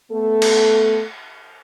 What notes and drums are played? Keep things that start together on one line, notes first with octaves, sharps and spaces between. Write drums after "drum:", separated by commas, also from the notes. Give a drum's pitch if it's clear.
A3 B3 A4
drum: cymbal